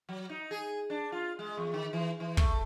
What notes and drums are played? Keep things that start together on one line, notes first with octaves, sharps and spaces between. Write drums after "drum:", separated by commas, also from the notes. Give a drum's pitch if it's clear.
F#3
D#4
G#4
D4
F4
G#3
E2
D#3
E3
E3
A3, drum: kick